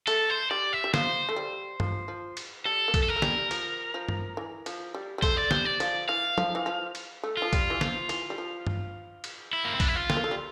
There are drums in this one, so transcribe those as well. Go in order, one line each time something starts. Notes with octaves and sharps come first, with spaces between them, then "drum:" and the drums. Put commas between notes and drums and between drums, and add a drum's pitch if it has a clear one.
A3 A4, drum: cymbal
C5
G3 D5
E5
G3
F3 C5, drum: snare
A3
G3
F3, drum: tom G2
F3
drum: cymbal
G3 A4
A#3
A3, drum: kick A#1, cymbal
A4
A#4
A3
G3, drum: snare
F3, drum: cymbal
F3
drum: tom G2
E3
F3, drum: cymbal
G3
G3
A3 C5, drum: kick A#1, cymbal
D5
G3 C5, drum: snare
D5
F3, drum: cymbal
E3 F5
F3, drum: tom
E3
F3
drum: cymbal
A3
F3 F4
G3, drum: kick A#1, cymbal
E3
F3, drum: snare
E3, drum: cymbal
G3
F3
drum: tom G2
drum: cymbal
E4
A#3
C4
D4, drum: kick A#1, cymbal
E4
F4
C4, drum: snare
A#3
A3
G3